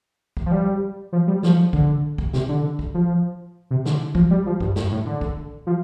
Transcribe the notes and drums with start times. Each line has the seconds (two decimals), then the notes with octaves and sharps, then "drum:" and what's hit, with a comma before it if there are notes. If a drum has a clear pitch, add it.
0.37 drum: kick
0.46 F3
0.52 G3
1.12 F3
1.27 G3
1.43 F3, drum: snare
1.73 D3, drum: kick
2.18 drum: kick
2.33 C3, drum: snare
2.49 D3
2.79 drum: kick
2.94 F3
3.70 C3
3.85 D3, drum: snare
4.15 F3, drum: kick
4.31 G3
4.46 F3
4.60 G2, drum: kick
4.76 G2, drum: snare
4.91 A2
5.06 D3
5.21 drum: kick
5.67 F3